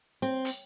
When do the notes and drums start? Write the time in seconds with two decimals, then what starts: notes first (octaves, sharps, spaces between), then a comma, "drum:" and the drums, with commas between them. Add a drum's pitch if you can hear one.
0.22 C4
0.45 drum: hi-hat